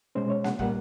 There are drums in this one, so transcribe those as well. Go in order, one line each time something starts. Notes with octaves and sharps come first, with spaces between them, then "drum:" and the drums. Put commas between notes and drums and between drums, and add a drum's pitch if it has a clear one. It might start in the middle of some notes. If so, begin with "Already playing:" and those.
B2 G#3 C#4 C5
C#5
F#5, drum: snare A#3
A#2 G3 A#3 F#5, drum: kick